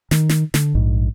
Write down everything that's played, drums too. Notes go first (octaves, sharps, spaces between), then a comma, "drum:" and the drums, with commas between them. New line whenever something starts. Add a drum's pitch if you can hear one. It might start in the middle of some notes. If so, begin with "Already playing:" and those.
D#3, drum: snare
drum: snare
D3, drum: snare
A#1 G#2